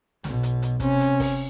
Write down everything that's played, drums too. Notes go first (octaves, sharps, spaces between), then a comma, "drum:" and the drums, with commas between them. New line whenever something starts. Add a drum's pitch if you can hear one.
B1 B2, drum: snare
drum: hi-hat
drum: hi-hat
C3 C#4, drum: kick, hi-hat
drum: hi-hat
drum: kick, open hi-hat